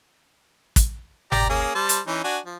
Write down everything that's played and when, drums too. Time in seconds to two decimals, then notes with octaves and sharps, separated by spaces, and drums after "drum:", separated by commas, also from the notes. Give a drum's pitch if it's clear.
0.76 drum: kick, hi-hat
1.32 G4 D5 A#5, drum: tom G1
1.49 A#3 C#4 G#4
1.75 G3 C5 A5
1.89 drum: hi-hat
2.07 E3 C#4 D#4
2.24 D4 F#4 G#5
2.45 F3